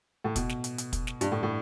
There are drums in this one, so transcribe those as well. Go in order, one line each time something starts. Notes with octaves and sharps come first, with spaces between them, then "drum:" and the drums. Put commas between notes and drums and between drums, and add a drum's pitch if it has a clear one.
A2
B2, drum: kick, hi-hat
drum: snare
drum: hi-hat
drum: hi-hat
drum: kick, hi-hat
drum: snare
G2, drum: hi-hat
A2
A2